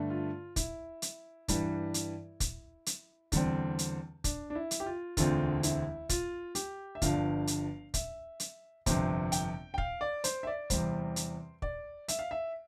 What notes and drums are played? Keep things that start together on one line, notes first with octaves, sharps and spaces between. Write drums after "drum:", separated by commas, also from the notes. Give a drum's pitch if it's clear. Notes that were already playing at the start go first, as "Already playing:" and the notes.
Already playing: G2 D3 A3
F4
E4, drum: kick, hi-hat
drum: hi-hat
G2 E3 G3, drum: kick, hi-hat
drum: hi-hat
drum: kick, hi-hat
drum: hi-hat
E2 D3 G3 C4, drum: kick, hi-hat
drum: hi-hat
D4, drum: kick, hi-hat
D4
E4
drum: hi-hat
G4
F4
E1 D2 D3 A3 C4 F4, drum: kick, hi-hat
E4, drum: hi-hat
F4, drum: kick, hi-hat
G4, drum: hi-hat
E5
G1 G2 D3 F3 F5, drum: kick, hi-hat
drum: hi-hat
E5, drum: kick, hi-hat
drum: hi-hat
G1 F2 C3 C5, drum: kick, hi-hat
G5, drum: hi-hat
G5
F5, drum: kick
D5
C5, drum: hi-hat
E5
D5
E2 C3 G3 C4 C5, drum: kick, hi-hat
drum: hi-hat
D5, drum: kick
E5, drum: hi-hat
F5
E5